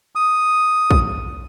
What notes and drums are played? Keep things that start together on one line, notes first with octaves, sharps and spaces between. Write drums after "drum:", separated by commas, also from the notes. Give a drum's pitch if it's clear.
D#6
drum: kick